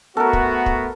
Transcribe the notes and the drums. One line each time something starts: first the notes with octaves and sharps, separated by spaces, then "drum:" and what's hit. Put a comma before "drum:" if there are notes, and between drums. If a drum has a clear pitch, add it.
A3 B3 F#4 A4 A#4
drum: kick
drum: kick